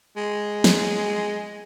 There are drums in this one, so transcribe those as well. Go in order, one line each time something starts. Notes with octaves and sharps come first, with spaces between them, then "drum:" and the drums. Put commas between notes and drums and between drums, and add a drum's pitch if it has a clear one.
G#3
drum: snare